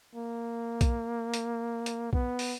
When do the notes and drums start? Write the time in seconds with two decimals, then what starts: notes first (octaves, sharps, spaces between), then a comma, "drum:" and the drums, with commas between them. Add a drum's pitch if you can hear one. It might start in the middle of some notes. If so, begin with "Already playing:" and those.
0.15 A#3
0.81 drum: kick B1, hi-hat
1.34 drum: hi-hat
1.86 drum: hi-hat
2.13 B3, drum: kick B1
2.39 drum: open hi-hat